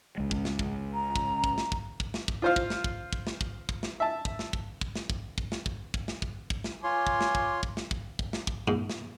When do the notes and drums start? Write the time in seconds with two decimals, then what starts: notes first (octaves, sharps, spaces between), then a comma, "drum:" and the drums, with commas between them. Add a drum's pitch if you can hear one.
0.17 C#2 G#3
0.31 drum: kick
0.45 drum: snare
0.59 drum: kick
0.94 A#5
1.16 drum: kick
1.44 drum: kick
1.58 drum: snare
1.72 drum: kick
2.00 drum: kick
2.14 drum: snare
2.28 drum: kick
2.42 F4 C5 F5
2.56 drum: kick
2.70 drum: snare
2.84 drum: kick
3.13 drum: kick
3.27 drum: snare
3.41 drum: kick
3.69 drum: kick
3.83 drum: snare
4.00 E5 A5
4.25 drum: kick
4.39 drum: snare
4.53 drum: kick
4.81 drum: kick
4.95 drum: snare
5.10 drum: kick
5.38 drum: kick
5.52 drum: snare
5.66 drum: kick
5.94 drum: kick
6.08 drum: snare
6.22 drum: kick
6.50 drum: kick
6.64 drum: snare
6.84 F4 C#5 G#5 C6 D6
7.07 drum: kick
7.21 drum: snare
7.35 drum: kick
7.63 drum: kick
7.77 drum: snare
7.91 drum: kick
8.19 drum: kick
8.33 drum: snare
8.47 drum: kick
8.68 G#2
8.90 drum: snare